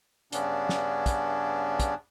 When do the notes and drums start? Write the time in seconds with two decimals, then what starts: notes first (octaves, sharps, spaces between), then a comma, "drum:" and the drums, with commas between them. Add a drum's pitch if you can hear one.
0.32 G2 C#3 B3 C#4 D4, drum: hi-hat
0.69 drum: snare
1.06 drum: kick, hi-hat
1.80 drum: kick, hi-hat